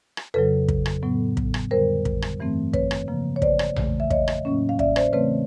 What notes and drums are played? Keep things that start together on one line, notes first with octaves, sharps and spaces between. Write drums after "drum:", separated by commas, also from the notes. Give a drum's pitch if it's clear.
drum: rim click
F2 C#3 F#3 A4 B4
drum: kick
drum: rim click
A2 F#3 B3
drum: kick
drum: rim click
F2 D3 G3 A#4 C5
drum: kick
drum: rim click
G2 E3 A3 C4
B4 C#5, drum: kick
drum: rim click
C#3 F3 A#3
C#5
C5 D5, drum: kick
drum: rim click
E2 C#3 E3 A3, drum: tom A#1
E5
C#5 D#5, drum: kick
drum: rim click
A2 F#3 A#3 C#4
F5
D5 E5, drum: kick
C5 D5, drum: rim click
C#3 E3 A3 C4 B4 C#5